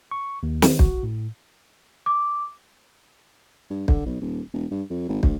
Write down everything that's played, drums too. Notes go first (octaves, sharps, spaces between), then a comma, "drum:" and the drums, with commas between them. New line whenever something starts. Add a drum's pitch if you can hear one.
C#6
D#2
D#3, drum: snare
F#4, drum: kick
A2
D6
G2
D3, drum: kick
B1
D#1
E1
G2
F2
G#1
D2, drum: kick